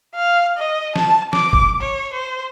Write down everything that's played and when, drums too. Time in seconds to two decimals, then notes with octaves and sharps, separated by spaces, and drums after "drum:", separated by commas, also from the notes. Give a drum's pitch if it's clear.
0.15 F5
0.57 D#5
0.96 A5, drum: snare
1.33 D6, drum: snare
1.53 drum: kick
1.81 C#5
2.13 C5